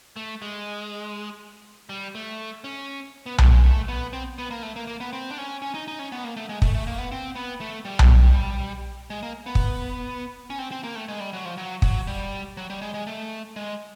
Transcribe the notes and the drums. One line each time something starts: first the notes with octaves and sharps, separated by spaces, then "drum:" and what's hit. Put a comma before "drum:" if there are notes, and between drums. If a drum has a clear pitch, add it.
A3
G#3
G3
A3
C#4
B3
A3, drum: tom B1
G#3
A3
B3
C4
B3
A#3
A3
A#3
A#3
B3
C4
D4
C#4
C#4
D#4
D#4
C#4
B3
A#3
A3
G#3
A3, drum: kick
A3
A#3
B3
C4
B3
A3
G3
drum: tom B1
G#3
A#3
B3
drum: kick
C#4
C4
C4
A#3
A3
G#3
G3
F#3
F3
F#3
F#3, drum: kick
G3
F#3
G3
G#3
G#3
A3
G#3